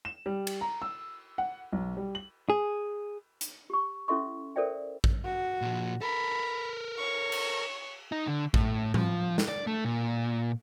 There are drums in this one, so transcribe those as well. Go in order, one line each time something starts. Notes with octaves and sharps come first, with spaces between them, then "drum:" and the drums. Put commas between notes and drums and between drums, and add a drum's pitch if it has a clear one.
E7
G3
drum: cymbal
A#5
E6
F#5
B1
G3
F#7
G#4
drum: hi-hat
G4 C#6
C#4 E4 A4 E5 C6 C#6
A4 A#4 C5 D5 E5 G5
drum: kick A1
F#4
A#2 F3
A4 A#4 B5
C#5 C#6
drum: cymbal
D#4
D3
A2, drum: kick A1
F3, drum: tom A2
drum: snare
D5
A3
A#2